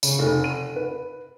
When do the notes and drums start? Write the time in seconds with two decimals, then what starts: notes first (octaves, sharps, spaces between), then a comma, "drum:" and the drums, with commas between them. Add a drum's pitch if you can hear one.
0.03 C#3, drum: tambourine
0.19 F1
0.44 D#7
0.76 B4